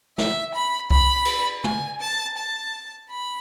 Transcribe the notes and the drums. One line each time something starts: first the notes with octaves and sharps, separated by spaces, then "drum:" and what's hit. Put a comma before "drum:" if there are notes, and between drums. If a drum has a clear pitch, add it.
E5, drum: snare
B5
B5, drum: kick C2
drum: cymbal
G#5, drum: tom
A5
A5
B5